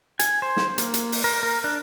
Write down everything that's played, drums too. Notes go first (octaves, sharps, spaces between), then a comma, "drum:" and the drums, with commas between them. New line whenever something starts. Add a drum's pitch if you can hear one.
G#5, drum: hi-hat
C5
drum: snare
A#3, drum: hi-hat
drum: hi-hat
drum: open hi-hat
A#4
A#4
D4